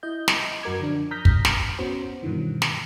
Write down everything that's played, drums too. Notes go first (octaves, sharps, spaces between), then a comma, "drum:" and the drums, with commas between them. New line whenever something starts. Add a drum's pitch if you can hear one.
E4 D#5 G6
drum: snare
F#2 F#4 A#4 D6 G#6
D3 F3 D4
A#5 D#6 F6 G6 A#6 B6
drum: kick
drum: snare
B3 C#4 F#4 C5
G2 B2 D#3 E3
drum: snare